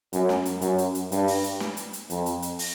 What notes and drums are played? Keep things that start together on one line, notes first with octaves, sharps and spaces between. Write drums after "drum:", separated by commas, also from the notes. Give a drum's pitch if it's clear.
F#2, drum: hi-hat
drum: snare
drum: hi-hat
F#2, drum: hi-hat
drum: hi-hat
drum: hi-hat
G2, drum: hi-hat
drum: open hi-hat
drum: hi-hat
drum: snare
drum: hi-hat
drum: hi-hat
F2, drum: hi-hat
drum: hi-hat
drum: hi-hat
drum: open hi-hat